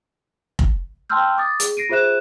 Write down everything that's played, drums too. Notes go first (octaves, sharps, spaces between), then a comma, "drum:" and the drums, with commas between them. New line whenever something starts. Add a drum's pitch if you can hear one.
drum: kick F1
G5 A5 C6 E6 F6 G6
D6 D#6 A6
G#4, drum: hi-hat
A#6 C7 D7 D#7
F4 G#4 C5 E5 F#6 E7